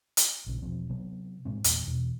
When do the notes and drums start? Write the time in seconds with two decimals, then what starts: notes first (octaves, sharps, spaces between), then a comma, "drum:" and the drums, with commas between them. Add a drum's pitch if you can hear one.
0.17 drum: hi-hat
0.46 A#1 C#3
0.62 E1 F3 C4
0.89 C3 F#3 B3
1.45 A2 G#3 C4
1.64 E2 A#2 E3, drum: hi-hat
1.87 E2 B2